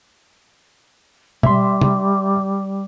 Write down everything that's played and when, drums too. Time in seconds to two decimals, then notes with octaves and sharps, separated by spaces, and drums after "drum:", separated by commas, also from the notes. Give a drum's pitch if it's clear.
1.43 G3 E5 C6, drum: tom B2
1.81 drum: tom